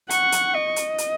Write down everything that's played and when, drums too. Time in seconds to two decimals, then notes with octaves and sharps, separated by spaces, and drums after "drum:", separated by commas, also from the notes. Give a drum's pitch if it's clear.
0.10 F#5 C#6, drum: hi-hat
0.32 drum: hi-hat
0.54 D#5
0.76 drum: hi-hat
0.98 drum: hi-hat